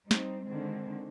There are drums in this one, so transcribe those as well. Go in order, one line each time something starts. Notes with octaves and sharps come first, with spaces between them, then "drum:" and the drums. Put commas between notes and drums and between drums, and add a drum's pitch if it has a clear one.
G3 C4 D#4, drum: snare
D3 D#3 G#3 C4